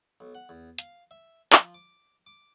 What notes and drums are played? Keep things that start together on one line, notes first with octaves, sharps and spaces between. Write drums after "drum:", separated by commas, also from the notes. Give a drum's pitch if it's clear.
B1
F#5
E2
F5, drum: hi-hat
E5
F3, drum: clap
D6
D6